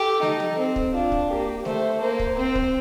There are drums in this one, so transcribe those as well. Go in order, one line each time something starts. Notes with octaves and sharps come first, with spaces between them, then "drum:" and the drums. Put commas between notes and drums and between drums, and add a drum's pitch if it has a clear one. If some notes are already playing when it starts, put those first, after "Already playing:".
Already playing: G4 A4
D#4, drum: snare A3
drum: tom
C4
drum: kick
D4 F4
drum: kick
A#3 G4
A3 C5, drum: snare A3
A#3 C5
drum: kick
C4 C5
drum: kick